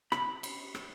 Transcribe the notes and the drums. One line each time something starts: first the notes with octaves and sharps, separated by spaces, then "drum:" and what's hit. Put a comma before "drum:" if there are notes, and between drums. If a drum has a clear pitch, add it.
B5, drum: rim click
drum: cymbal
drum: rim click